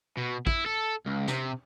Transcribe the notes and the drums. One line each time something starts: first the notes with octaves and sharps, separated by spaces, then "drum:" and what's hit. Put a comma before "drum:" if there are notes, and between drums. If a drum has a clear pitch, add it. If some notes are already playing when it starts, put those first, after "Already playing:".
B2
E4, drum: kick
A4
C#2
C3, drum: snare